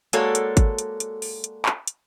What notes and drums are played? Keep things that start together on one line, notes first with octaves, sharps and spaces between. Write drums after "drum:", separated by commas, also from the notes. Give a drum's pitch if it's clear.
G#3 A#3 F#4 A4 C#5 D5, drum: hi-hat
drum: hi-hat
drum: kick G#1, hi-hat
drum: hi-hat
drum: hi-hat
drum: open hi-hat
drum: hi-hat
drum: clap
drum: hi-hat